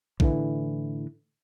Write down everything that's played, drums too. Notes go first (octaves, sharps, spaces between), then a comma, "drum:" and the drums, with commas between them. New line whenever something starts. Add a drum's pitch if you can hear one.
A2 D3 E3, drum: kick A1